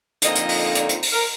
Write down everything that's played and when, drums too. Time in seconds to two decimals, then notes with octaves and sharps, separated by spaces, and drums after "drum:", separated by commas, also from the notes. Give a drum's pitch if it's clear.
0.22 F2 D3 F3 A#3 D#4 D#5, drum: hi-hat
0.35 drum: hi-hat
0.49 drum: open hi-hat
0.68 D#5
0.75 D5, drum: hi-hat
0.89 drum: hi-hat
1.03 drum: open hi-hat
1.12 A#4